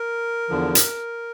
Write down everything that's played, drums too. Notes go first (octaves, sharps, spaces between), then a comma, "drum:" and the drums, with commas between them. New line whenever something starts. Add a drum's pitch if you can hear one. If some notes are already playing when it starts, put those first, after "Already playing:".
Already playing: A#4
E2 D3 F3
drum: hi-hat